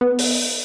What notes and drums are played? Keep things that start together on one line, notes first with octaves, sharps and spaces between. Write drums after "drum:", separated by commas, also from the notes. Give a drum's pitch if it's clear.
B3
drum: open hi-hat